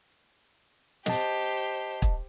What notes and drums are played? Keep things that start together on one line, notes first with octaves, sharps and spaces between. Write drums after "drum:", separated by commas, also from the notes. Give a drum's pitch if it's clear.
G4 C5 D#5 A5, drum: snare
drum: kick